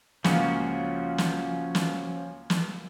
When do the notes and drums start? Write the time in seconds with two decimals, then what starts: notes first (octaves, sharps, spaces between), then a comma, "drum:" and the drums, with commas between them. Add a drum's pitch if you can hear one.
0.24 C#2 A#2 F3 C#4 F#4, drum: snare
1.18 drum: snare
1.75 drum: snare
2.50 drum: snare